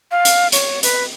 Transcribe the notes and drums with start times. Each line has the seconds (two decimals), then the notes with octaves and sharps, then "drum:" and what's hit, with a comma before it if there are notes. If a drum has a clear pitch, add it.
0.11 F5
0.25 drum: hi-hat
0.52 C#5, drum: hi-hat
0.83 B4, drum: hi-hat